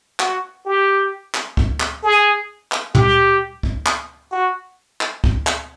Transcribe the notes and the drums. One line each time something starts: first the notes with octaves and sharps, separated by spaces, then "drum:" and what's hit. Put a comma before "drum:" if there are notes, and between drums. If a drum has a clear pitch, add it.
F#4, drum: clap
G4
drum: clap
drum: kick
drum: clap
G#4
drum: clap
G4, drum: tom
drum: kick
drum: clap
F#4
drum: clap
drum: kick
drum: clap